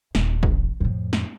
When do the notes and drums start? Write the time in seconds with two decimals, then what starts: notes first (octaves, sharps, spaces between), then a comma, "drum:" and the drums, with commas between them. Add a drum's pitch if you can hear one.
0.15 D#1, drum: snare
0.43 drum: kick A1
0.80 F2 A2
1.13 drum: snare